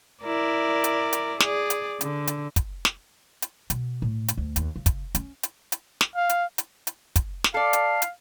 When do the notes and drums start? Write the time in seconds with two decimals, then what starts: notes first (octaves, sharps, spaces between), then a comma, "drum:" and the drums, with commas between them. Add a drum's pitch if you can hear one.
0.23 E4 A#4 D5
0.84 drum: hi-hat
1.13 drum: hi-hat
1.40 G#4 D5, drum: snare
1.70 drum: hi-hat
2.01 D3, drum: hi-hat
2.27 drum: hi-hat
2.56 drum: kick, hi-hat
2.85 drum: snare
3.42 drum: hi-hat
3.70 B2, drum: hi-hat
4.02 A2
4.28 drum: hi-hat
4.37 D2
4.56 D#2, drum: hi-hat
4.76 C#3
4.86 drum: kick, hi-hat
5.15 C#4, drum: hi-hat
5.43 drum: hi-hat
5.72 drum: hi-hat
6.01 drum: snare
6.15 F5
6.29 drum: hi-hat
6.58 drum: hi-hat
6.87 drum: hi-hat
7.16 drum: kick, hi-hat
7.44 drum: snare
7.54 A4 D5 F5
7.73 drum: hi-hat
8.02 drum: hi-hat